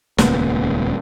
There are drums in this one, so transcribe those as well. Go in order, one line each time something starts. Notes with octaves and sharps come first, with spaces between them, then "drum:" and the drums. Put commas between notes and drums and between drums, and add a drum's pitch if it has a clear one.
D#1 C#2 A#3 B3, drum: snare